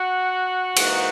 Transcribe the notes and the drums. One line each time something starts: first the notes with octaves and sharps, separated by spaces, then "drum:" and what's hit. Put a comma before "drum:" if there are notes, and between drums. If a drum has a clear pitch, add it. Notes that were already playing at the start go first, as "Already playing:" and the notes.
Already playing: F#4 F#5
G#2 E3 A#3 D#4, drum: cymbal